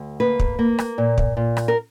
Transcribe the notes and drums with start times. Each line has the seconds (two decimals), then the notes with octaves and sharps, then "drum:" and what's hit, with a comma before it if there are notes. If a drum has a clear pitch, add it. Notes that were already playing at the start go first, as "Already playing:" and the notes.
Already playing: D2
0.20 A#3 B4
0.39 drum: kick
0.59 A#3
0.79 drum: rim click
0.98 A#2
1.18 drum: kick
1.37 A#2
1.57 drum: rim click
1.68 A#4